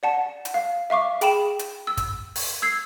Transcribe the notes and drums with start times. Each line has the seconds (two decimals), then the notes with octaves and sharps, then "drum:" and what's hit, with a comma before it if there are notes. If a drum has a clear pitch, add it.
0.03 D5 F#5 A5
0.45 drum: hi-hat
0.54 F5
0.90 E5 F5 C#6 D6
1.21 G#4 G5 B5 E7, drum: hi-hat
1.59 drum: hi-hat
1.87 E6
1.97 drum: kick, hi-hat
2.35 drum: open hi-hat
2.62 E6 G#6 C7